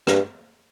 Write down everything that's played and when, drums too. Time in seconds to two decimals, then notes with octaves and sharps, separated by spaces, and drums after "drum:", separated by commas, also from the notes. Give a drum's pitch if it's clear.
0.07 G2, drum: rim click